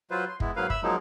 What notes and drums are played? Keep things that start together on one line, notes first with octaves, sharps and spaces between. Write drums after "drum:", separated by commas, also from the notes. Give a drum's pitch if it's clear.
F#3 F4 B4 C5
C6
G#3 B3 E4, drum: kick
G#2 F#3 A#3 B4 F5
E5 B5 E6, drum: kick
F3 F#3 G#3 A#3 D#4